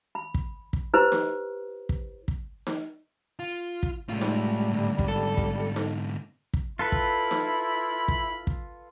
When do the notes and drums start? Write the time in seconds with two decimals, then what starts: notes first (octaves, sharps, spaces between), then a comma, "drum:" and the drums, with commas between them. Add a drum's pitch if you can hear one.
0.15 B5
0.34 drum: kick
0.73 drum: kick
0.94 E4 G4 B4 C5
1.12 drum: snare D#4
1.89 drum: kick
2.28 drum: kick
2.67 drum: snare D#4
3.39 F4
3.83 drum: kick
4.09 A2 G3 G#3 F4
4.21 drum: snare D#4
4.70 G#2 D3
4.99 drum: kick
5.08 A4
5.37 drum: kick
5.76 drum: snare D#4
6.54 drum: kick
6.79 E4 F4 A4 B4 B5
6.92 drum: kick
7.31 drum: snare D#4
8.08 drum: kick
8.47 drum: kick